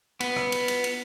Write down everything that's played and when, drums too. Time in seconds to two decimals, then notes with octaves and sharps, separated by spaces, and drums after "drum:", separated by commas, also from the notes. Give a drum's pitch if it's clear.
0.20 B3, drum: cymbal
0.36 drum: rim click
0.52 drum: cymbal
0.68 drum: cymbal
0.84 drum: cymbal